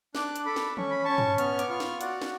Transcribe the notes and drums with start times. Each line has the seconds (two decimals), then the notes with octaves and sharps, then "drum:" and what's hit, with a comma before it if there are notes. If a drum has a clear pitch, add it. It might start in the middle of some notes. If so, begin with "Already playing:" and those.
0.15 D4 D6 F#6, drum: snare
0.36 drum: hi-hat
0.46 A4 B5 D6
0.56 drum: snare
0.77 C#4 C#6, drum: tom D#3
0.91 B5
1.04 C#4 A5 C#6
1.18 drum: tom G2
1.38 B3 C#6 F6, drum: hi-hat
1.59 D6, drum: hi-hat
1.69 F4 C#6 F6
1.80 drum: snare
2.01 F#4 D5 F#5, drum: hi-hat
2.22 drum: snare